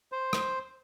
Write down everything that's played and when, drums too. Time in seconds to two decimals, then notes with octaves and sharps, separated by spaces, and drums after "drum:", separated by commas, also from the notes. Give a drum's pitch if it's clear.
0.12 C5
0.33 drum: rim click